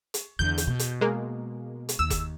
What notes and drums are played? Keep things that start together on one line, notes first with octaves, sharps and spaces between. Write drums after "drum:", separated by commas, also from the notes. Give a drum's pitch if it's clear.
drum: hi-hat
E2 D3 G6
drum: hi-hat
B2
drum: hi-hat
G#3 A#3
drum: hi-hat
D#2 E6
drum: kick F1, hi-hat